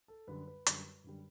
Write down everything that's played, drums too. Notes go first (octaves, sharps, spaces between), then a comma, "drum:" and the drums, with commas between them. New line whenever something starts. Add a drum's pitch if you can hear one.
A4
F#2 D3 G3 B4
B4
F#2 D3 G3, drum: hi-hat
F#2 D3 G3